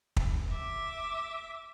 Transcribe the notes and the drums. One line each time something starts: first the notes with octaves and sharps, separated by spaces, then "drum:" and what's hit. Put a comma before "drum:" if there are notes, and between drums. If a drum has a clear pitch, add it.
drum: kick
E5 D6